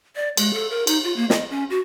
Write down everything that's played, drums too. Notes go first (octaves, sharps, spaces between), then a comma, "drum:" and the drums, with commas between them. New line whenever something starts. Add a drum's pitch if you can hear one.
D5
G#3, drum: cymbal
A4
A#4
D#4, drum: cymbal
F4
A#3
D#5, drum: snare
C#4
F#4